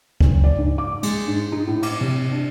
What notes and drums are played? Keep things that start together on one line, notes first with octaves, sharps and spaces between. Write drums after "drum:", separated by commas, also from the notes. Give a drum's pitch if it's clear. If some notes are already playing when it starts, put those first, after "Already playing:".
F#1, drum: kick C#2
D5
G#2
D6
G#3, drum: cymbal
G#2
D#4
A2
D6, drum: cymbal
C3
D4